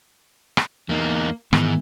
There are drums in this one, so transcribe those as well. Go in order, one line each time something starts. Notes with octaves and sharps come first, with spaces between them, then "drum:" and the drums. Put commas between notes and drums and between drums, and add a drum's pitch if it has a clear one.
drum: rim click
E2 A#3 D#4
G#2 D#3 E3 G#3 B3, drum: rim click